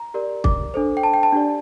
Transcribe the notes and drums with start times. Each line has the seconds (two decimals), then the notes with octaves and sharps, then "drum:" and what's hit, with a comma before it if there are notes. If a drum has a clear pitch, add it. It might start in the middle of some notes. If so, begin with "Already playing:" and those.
Already playing: A#5
0.14 G4 A#4 D5
0.44 D6, drum: kick
0.74 D4 A4 C5
0.97 G5
1.03 A5
1.14 G5
1.23 A5
1.33 D4 G4 D5